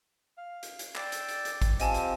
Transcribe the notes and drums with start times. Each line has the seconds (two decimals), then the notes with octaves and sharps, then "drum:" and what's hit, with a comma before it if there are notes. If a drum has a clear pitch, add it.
0.38 F5
0.63 drum: hi-hat
0.79 drum: hi-hat
0.96 D5 G5 E6, drum: clap
1.12 drum: hi-hat
1.29 drum: hi-hat
1.45 drum: hi-hat
1.62 drum: kick, hi-hat
1.80 C4 F4 G4 D#5 G#5 A5, drum: hi-hat
1.94 drum: hi-hat